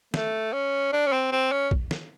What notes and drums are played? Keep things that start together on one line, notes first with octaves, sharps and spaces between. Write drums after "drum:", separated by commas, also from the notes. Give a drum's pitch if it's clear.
A3, drum: snare
C#4
D4
C#4
C4
C4
C#4
drum: kick B1
drum: snare